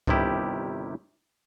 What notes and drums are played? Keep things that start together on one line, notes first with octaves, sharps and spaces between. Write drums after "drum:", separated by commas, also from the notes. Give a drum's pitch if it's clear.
G1 C3 D#3 G3 E4 G4, drum: kick C#2